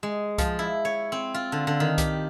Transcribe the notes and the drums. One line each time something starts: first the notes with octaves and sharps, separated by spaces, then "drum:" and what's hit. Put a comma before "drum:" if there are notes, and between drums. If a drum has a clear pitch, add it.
G#3
F3, drum: kick C2, hi-hat
E4
C#5
C4
F4
D3
D3
D#3
G4, drum: kick C2, hi-hat